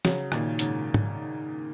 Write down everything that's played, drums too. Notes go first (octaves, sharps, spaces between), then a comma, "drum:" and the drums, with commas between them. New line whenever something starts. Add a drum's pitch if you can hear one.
C#3 F#3, drum: snare
A#2 D#3, drum: rim click
G#2 C#3, drum: hi-hat
drum: tom G#2